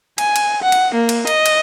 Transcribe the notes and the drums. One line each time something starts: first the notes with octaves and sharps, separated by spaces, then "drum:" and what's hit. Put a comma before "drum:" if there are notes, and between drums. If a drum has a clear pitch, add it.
G#5, drum: cymbal
drum: cymbal
F#5
drum: cymbal
A#3
drum: cymbal
D#5, drum: cymbal
drum: cymbal